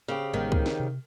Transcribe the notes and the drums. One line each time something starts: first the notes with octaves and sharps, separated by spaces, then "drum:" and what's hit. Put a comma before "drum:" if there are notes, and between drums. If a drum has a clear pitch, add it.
C#3 C4 G4
A1 D#3 G#3 B3
drum: kick C#2
drum: snare
C3